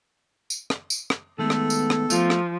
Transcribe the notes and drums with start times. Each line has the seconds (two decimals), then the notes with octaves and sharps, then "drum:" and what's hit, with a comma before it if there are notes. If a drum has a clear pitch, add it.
0.50 drum: tambourine
0.70 drum: rim click
0.90 drum: tambourine
1.10 drum: rim click
1.39 D#3 G#3 A3 B3 A4
1.50 drum: rim click
1.70 drum: tambourine
1.90 drum: rim click
2.10 F3 A3 F4, drum: tambourine
2.30 drum: rim click